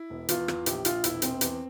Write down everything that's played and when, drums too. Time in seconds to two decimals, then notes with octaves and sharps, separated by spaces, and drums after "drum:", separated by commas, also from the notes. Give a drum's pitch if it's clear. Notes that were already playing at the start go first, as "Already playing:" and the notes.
Already playing: E4
0.10 E1
0.29 E2 F4, drum: hi-hat
0.48 E2, drum: rim click
0.66 A#1 G4, drum: hi-hat
0.85 A#1 F4, drum: hi-hat
1.04 E1 E4, drum: hi-hat
1.22 E1 C4, drum: hi-hat
1.41 E2, drum: hi-hat